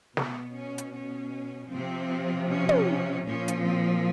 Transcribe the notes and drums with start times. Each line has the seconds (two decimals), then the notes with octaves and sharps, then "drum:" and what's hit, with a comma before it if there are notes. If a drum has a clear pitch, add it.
0.17 B2 B3, drum: snare
0.55 C#4
0.78 drum: hi-hat
0.94 C#4
1.71 C3 F3 C4
2.48 C#4
2.69 drum: tom
3.25 A#2 F3 C#4
3.48 drum: hi-hat
3.64 C4